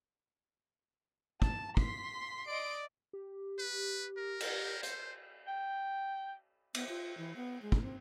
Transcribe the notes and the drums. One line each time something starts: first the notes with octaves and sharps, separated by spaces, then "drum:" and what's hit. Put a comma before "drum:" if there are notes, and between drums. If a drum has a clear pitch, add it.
A5, drum: kick
C6 B6, drum: kick
D5 D#5 D7
G4
B4
A#4
drum: cymbal
C5, drum: hi-hat
G5
B3, drum: cymbal
F4
E3
B3
G#3
drum: kick
C4